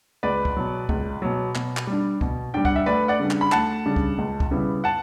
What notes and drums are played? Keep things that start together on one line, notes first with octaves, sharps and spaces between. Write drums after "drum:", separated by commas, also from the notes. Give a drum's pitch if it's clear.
C#2 B4 D5
drum: kick
B2 F#3
C#2, drum: kick
B2 F#3
B2, drum: clap
drum: clap
G3 D4
B2, drum: kick
G3 D4 G5
F#5, drum: kick
E5
D2 B4 D5
D5 F#5
C#3 G3 D4
drum: clap
B5
D2 F#5 A5, drum: clap
C#3 G3 D4
drum: kick
C#2
drum: kick
C#3 G3 B3 E4
F#5 A5